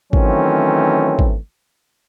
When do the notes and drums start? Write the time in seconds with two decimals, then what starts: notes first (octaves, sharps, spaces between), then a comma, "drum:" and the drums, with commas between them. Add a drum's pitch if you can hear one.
0.13 D#3 E3 F#3 A3 C4 C#4, drum: kick G#1
1.19 drum: kick G#1